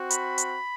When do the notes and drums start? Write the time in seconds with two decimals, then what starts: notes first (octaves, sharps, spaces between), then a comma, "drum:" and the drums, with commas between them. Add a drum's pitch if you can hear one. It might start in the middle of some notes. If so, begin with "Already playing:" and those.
Already playing: C4 F#4
0.10 B5, drum: hi-hat
0.38 drum: hi-hat